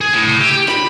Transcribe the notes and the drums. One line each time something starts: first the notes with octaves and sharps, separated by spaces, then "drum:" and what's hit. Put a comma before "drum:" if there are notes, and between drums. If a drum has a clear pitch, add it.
G#4
A2
drum: tom C3
G4
B5, drum: snare